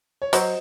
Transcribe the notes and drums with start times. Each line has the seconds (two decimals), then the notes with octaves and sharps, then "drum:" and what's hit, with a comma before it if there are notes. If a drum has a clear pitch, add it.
0.22 C#5
0.33 F#3 C5 D#5, drum: hi-hat